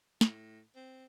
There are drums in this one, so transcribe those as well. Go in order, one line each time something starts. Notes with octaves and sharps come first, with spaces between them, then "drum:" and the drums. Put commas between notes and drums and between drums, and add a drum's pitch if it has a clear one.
A2, drum: snare
C4